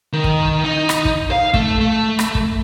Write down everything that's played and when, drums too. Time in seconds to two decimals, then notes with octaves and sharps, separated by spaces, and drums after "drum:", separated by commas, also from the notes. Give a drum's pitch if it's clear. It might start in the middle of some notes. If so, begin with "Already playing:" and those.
0.13 D#3
0.24 drum: kick
0.64 D#4
0.89 drum: rim click
1.05 drum: kick
1.31 F5
1.54 A3, drum: kick
1.80 A3
2.19 drum: rim click
2.35 drum: kick